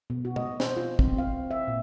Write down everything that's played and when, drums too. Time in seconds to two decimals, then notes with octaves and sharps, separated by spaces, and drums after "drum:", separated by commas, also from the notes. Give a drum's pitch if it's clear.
0.10 B2
0.25 F#4
0.36 D#5, drum: tom B2
0.60 C5, drum: snare
0.77 F4
0.99 C4, drum: kick
1.18 F5
1.51 E5
1.68 A#2